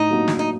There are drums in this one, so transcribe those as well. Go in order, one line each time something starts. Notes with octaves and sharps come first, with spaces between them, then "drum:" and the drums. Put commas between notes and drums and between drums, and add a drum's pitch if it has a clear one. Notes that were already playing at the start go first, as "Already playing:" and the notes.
Already playing: A2 D#4
F#3 A#3 D4 F#4
drum: snare
D#4